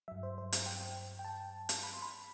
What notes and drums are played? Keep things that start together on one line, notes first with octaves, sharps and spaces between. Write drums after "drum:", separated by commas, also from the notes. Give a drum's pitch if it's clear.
G2 F#3 E5
C5
C5
C5, drum: hi-hat
G5
G5
A5
drum: hi-hat
B5
C6
B5